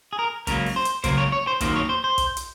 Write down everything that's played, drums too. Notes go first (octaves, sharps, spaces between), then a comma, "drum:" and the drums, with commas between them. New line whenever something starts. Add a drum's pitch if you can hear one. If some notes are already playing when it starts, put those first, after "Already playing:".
G#4
A#4
C#2 C#3 F#3 A#3 A#4, drum: kick, hi-hat
drum: open hi-hat
C5
drum: hi-hat
C#2 C#3 F#3 A#3 C5, drum: kick, hi-hat
C#5
C#5
C5
F#2 D#3 F#3 A#3 C5, drum: kick, hi-hat
C#5
C5
C5
drum: kick, hi-hat
drum: hi-hat